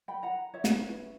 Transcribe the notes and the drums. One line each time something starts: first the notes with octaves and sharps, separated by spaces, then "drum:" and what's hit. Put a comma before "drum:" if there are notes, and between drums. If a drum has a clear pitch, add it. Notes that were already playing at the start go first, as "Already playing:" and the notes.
G5 B5
F#5 A#5
C#5 E5
drum: snare
C#4 E4 B4